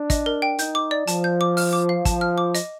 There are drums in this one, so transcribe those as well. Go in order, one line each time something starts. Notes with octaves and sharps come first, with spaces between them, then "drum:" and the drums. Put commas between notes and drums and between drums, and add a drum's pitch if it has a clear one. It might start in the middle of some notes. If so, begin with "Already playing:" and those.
Already playing: D4
D#5, drum: kick, hi-hat
A#4
G5
D#4 G6, drum: hi-hat
D6
D5
F3 A5, drum: hi-hat
G6
D6
F6, drum: open hi-hat
D6
F5
F3 A5, drum: kick, hi-hat
F6
D6
D#5, drum: hi-hat